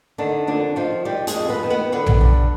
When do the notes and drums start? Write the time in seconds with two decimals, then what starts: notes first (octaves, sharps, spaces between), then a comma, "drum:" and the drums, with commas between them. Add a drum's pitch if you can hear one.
0.18 D3 D#3 D4
0.47 F2 D3 D4
0.76 D#3 F3 F4
1.05 D#3 G3 G4
1.27 G#3 G#4, drum: hi-hat
1.34 F2
1.49 B3 B4
1.63 D#3
1.70 B3 B4
1.92 D3 B3 B4
2.06 drum: tom A#1
2.21 G2